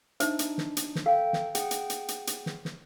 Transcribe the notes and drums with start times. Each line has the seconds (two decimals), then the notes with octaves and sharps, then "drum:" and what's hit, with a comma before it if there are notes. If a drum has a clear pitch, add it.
0.20 D4 D#4 C5 E5, drum: hi-hat
0.39 drum: hi-hat
0.58 drum: snare
0.77 drum: hi-hat
0.95 drum: snare
1.06 A4 F5 G5
1.33 drum: snare
1.55 G#4 F#5 G5, drum: hi-hat
1.71 drum: hi-hat
1.90 drum: hi-hat
2.08 drum: hi-hat
2.27 drum: hi-hat
2.46 drum: snare
2.65 drum: snare